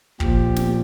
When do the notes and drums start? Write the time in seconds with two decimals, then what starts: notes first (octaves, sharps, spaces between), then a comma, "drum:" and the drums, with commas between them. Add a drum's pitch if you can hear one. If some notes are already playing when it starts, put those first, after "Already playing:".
0.20 A#2 F3 G4, drum: kick
0.56 drum: snare